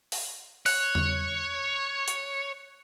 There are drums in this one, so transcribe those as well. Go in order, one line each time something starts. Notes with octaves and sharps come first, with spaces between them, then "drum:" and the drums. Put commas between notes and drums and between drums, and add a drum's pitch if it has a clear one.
drum: open hi-hat
C#5 F#6, drum: open hi-hat
drum: tom E2
drum: hi-hat